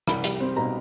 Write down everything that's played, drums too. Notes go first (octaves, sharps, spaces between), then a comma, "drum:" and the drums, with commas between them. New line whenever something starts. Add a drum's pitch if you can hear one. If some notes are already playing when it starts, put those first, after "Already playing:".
C2 B5, drum: rim click
G3, drum: hi-hat
C4
B2 A#5